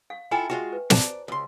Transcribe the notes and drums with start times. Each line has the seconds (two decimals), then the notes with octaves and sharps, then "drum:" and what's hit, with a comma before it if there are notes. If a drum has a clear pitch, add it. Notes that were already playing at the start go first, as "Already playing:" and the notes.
0.10 F5
0.31 E4 F4 A4 G5 G#5
0.50 G#3 F4 F#4 E5 C#6
0.73 B4
0.90 F#4 C5 D5 A5 A#5, drum: snare
1.28 C#2 C6